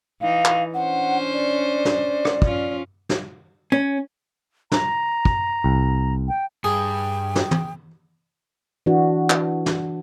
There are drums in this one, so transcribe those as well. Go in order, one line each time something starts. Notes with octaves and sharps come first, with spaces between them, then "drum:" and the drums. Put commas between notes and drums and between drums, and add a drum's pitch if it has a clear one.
E3 D#4 F5
drum: clap
C#4 D4 C5 F#5
D5
drum: snare
drum: rim click
F3 C#4 F4, drum: kick
drum: snare
C#4
A#5, drum: snare
drum: kick
C2
G5
G2 G#4 G5
drum: snare
drum: tom
E3 D4 F#4
drum: clap
drum: snare